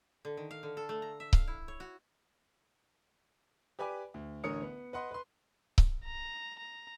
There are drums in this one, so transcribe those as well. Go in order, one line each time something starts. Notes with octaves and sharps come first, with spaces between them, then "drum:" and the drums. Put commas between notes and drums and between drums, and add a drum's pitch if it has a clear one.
D3
D#3
F5
D3
A4
A3
A#5
E5
F5, drum: kick C#1
E4
C#5
F#4
G4 B4 D5 G#5 D6
D2
A1 D3 A#4 C#5 D#6 C#7
B3
B4 D#5 F#5 C6
B4 C6
drum: kick C#1
A#5
A#5